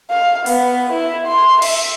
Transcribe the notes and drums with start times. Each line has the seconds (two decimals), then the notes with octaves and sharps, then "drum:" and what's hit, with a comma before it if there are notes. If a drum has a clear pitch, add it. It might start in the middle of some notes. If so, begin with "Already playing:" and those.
0.10 F5
0.46 B3, drum: open hi-hat
0.92 E4
1.27 C6
1.62 E5, drum: cymbal